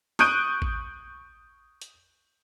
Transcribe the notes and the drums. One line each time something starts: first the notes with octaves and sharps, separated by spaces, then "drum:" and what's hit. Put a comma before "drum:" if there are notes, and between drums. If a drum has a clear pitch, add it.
C#6 D#6 F#6 G6 D7 D#7, drum: snare
drum: kick A1
drum: hi-hat